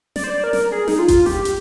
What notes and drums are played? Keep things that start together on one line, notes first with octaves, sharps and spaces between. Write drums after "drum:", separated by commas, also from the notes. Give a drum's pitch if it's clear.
D5, drum: snare
C5
D5
A#4
drum: snare
G#4
D#4, drum: snare
F4
drum: kick G1, hi-hat
G4, drum: snare
drum: hi-hat